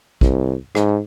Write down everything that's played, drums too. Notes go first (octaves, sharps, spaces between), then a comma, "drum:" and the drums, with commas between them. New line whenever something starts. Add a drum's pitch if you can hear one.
C2, drum: kick
G#2, drum: rim click